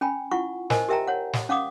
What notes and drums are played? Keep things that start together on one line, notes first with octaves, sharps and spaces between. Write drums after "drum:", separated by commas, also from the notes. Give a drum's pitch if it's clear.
C#4 G5 G#5 B5
E4 F4 F#5 C#6
A#4 C5 D#5 G#5 A5, drum: snare
G4 A#4 E5 G5 A5 A#5
C#5 F#5
drum: snare
C#4 F5 F#5 D6 D#6